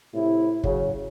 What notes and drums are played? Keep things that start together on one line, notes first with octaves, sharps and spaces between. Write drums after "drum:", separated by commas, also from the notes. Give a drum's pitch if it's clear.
A2 C3 E4
C#3 F#3, drum: kick